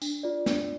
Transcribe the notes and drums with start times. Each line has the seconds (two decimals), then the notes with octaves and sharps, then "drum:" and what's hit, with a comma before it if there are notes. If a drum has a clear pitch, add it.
0.02 D4, drum: tambourine
0.23 F4 D5
0.46 D4, drum: snare